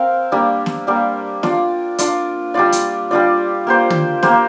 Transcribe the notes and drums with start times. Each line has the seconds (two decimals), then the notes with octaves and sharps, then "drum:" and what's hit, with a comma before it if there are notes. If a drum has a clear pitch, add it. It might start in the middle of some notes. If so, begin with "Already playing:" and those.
Already playing: C4 A#4 F5
0.32 G3 A#3 D4
0.66 drum: snare
0.87 G3 A#3 D4
1.43 D4 F4 D5, drum: snare
1.98 D4 F4 D5, drum: hi-hat
2.54 G3 D4 F4 D5
2.72 drum: hi-hat
3.11 G3 D4 F4 D5
3.67 A#3 G4 C5
3.90 drum: tom
4.23 A#3 G4 C5, drum: snare